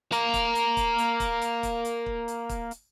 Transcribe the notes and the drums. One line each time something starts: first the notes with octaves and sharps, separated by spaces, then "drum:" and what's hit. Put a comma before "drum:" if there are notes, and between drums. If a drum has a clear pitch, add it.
A#3 A#4, drum: hi-hat
drum: kick, hi-hat
drum: hi-hat
drum: kick, hi-hat
drum: hi-hat
drum: kick, hi-hat
drum: hi-hat
drum: kick, hi-hat
drum: hi-hat
drum: kick
drum: hi-hat
drum: kick, hi-hat
drum: hi-hat